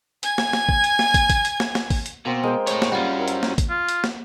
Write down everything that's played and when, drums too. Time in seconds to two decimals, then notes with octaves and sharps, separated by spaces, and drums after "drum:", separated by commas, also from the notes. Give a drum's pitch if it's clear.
0.23 G#5 G#6, drum: hi-hat
0.38 drum: snare
0.53 drum: snare
0.69 drum: kick
0.84 drum: hi-hat
0.99 drum: snare
1.14 drum: kick, hi-hat
1.30 drum: kick, hi-hat
1.45 drum: hi-hat
1.60 drum: snare
1.75 drum: snare
1.90 drum: kick, open hi-hat
2.06 drum: hi-hat
2.25 B2 A#3 C4
2.43 G#3 A#4 C5 G5
2.67 A3 C#5, drum: hi-hat
2.82 drum: snare
2.92 G3 C#4 F4 F#4
3.17 E4 A#4 E5
3.28 drum: hi-hat
3.43 drum: snare
3.58 drum: kick, hi-hat
3.70 F4
3.89 drum: hi-hat
4.04 drum: snare